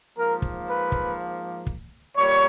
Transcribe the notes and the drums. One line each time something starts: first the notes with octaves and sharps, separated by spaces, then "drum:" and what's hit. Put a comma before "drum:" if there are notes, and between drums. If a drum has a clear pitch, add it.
G#2 F3 A#3 A#4
drum: kick
B4
drum: kick
drum: kick
A#2 G3 C#5